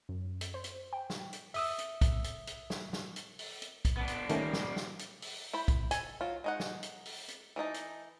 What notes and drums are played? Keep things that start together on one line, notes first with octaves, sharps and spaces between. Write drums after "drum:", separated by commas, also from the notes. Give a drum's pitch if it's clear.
F#2
drum: hi-hat
C5
drum: hi-hat
G5
drum: snare
drum: hi-hat
E5 D#6 E6, drum: open hi-hat
drum: hi-hat
drum: kick, hi-hat
drum: hi-hat
drum: hi-hat
drum: snare
drum: snare
drum: hi-hat
drum: open hi-hat
drum: hi-hat
drum: kick, hi-hat
B3 D4
drum: hi-hat
D#3 G3 A3 A#3 C#4, drum: hi-hat
drum: snare
drum: snare
drum: hi-hat
drum: open hi-hat
E4 C5 B5
drum: kick, hi-hat
A4 G#5, drum: hi-hat
F#3 F4
G#3 D#4 F#5
drum: snare
drum: hi-hat
drum: open hi-hat
drum: hi-hat
E3 D4 D#4 A5
drum: hi-hat